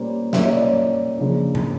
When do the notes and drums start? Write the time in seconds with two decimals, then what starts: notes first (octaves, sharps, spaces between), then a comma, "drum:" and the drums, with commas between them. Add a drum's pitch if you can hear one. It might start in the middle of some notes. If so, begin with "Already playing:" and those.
Already playing: A#2 G3 A#3 C#4 C5 D5
0.33 A#2 G3 A#3 C#4 E5, drum: snare
0.43 D#5
0.52 D5
0.62 C#5 D#5
1.18 C#3 F3 A#3 D4
1.55 drum: tom G#2